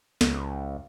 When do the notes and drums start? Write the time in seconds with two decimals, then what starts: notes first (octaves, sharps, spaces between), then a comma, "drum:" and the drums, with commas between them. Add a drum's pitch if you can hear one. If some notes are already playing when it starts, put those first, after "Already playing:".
0.21 C#2, drum: snare